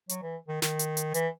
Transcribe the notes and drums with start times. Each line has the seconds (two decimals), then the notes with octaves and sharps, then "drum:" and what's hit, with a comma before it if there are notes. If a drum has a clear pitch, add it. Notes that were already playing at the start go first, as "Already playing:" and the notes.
0.09 F#3, drum: hi-hat
0.22 E3
0.48 D#3
0.62 D#3, drum: snare
0.79 drum: hi-hat
0.97 drum: hi-hat
1.14 E3, drum: hi-hat